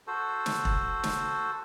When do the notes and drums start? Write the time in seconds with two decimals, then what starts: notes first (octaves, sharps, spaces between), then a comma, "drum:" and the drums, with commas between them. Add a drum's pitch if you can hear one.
0.07 F#4 A4 C5
0.46 drum: snare
0.65 drum: kick
1.03 drum: snare